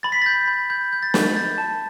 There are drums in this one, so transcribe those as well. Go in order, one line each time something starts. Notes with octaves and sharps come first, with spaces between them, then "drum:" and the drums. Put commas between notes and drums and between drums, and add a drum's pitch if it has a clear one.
B5 A6
B6
G6 A6
B5
B5 G6
G6
A6
B5, drum: snare
G6 A6
A5